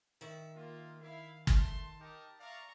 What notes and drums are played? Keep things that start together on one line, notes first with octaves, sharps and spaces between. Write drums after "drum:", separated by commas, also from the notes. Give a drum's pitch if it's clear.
D#3 E5
A#3 F4
E4 F5
A3 A5 C6, drum: kick
D#4 G4 A#4
D5 E5 F5 A#5 C#6